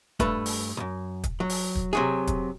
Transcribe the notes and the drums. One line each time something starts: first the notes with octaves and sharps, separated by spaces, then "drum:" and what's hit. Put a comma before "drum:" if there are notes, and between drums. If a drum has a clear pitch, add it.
G2 A3 B4, drum: kick, hi-hat
drum: open hi-hat
B1 F#2
drum: kick, hi-hat
F#3
drum: open hi-hat
drum: kick
C3 F#3 G#4
drum: kick, hi-hat